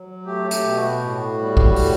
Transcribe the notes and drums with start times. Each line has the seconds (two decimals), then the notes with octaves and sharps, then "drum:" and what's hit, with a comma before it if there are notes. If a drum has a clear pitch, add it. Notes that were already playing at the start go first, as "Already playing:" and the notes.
Already playing: F#3
0.26 A3 G4
0.51 G4, drum: hi-hat
0.63 B2
0.76 F#4
1.01 A2
1.39 G3
1.57 drum: kick A#1
1.76 A2, drum: open hi-hat